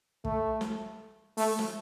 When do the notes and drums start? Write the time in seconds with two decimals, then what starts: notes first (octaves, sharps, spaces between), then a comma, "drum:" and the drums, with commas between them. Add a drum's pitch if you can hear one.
0.25 A3, drum: kick
0.61 drum: snare
1.37 A3, drum: open hi-hat
1.59 drum: snare